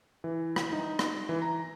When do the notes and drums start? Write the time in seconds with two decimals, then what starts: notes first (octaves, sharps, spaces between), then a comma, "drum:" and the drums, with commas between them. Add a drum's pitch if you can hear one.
0.24 E3
0.56 drum: rim click
0.73 D#4
0.99 drum: rim click
1.29 E3
1.42 A#5